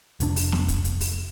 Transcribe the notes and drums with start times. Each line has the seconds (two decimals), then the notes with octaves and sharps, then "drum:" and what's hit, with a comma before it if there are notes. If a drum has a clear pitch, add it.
0.20 F1 A2 D4, drum: hi-hat
0.36 drum: open hi-hat
0.52 drum: snare
0.68 drum: kick, hi-hat
0.84 drum: hi-hat
1.01 drum: open hi-hat